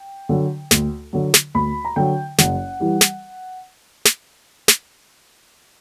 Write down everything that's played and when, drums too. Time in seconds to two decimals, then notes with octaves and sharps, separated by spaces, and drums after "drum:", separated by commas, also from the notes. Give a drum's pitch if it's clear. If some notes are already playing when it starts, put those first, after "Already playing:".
Already playing: G5
0.29 D3 F#3
0.71 D2, drum: snare
1.13 D3 F#3
1.34 drum: snare
1.54 D2 B5
1.85 A#5
1.96 D3 F#3 G5
2.38 F#1 F#5, drum: snare
2.80 E3 G3
3.01 drum: snare
4.05 drum: snare
4.68 drum: snare